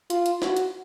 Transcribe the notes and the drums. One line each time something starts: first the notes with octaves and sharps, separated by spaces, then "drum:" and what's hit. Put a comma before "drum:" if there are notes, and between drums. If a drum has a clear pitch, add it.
F4, drum: hi-hat
drum: hi-hat
F#4, drum: snare
drum: hi-hat